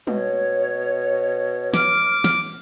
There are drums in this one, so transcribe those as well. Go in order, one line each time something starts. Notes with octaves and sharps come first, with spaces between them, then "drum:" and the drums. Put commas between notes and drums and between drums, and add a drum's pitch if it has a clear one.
B2 C#5, drum: tom G3
D6 F6, drum: snare
drum: snare